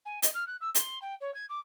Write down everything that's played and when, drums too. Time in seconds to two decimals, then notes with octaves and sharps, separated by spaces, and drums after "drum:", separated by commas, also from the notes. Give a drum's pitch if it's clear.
0.05 G#5
0.22 D#5, drum: hi-hat
0.34 F6
0.46 F#6
0.60 E6
0.75 C6, drum: hi-hat
1.01 G5
1.20 C#5
1.34 G#6
1.49 D6